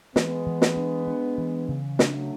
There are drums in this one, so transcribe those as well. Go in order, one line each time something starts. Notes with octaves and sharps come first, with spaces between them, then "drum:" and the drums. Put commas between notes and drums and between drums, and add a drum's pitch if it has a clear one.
E3 G#3 B3, drum: snare
E3
drum: snare
D4
D4
E3
C#3
F#3 A3 D4, drum: snare